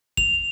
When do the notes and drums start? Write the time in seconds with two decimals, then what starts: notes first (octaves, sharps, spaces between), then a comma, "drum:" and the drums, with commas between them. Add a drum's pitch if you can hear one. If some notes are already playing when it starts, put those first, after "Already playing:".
0.17 F7, drum: kick